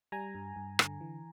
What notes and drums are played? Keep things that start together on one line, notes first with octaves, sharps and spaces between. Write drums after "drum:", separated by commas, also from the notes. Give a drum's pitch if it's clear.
G3 G#5 A#5
G2
G2
D3, drum: rim click
E3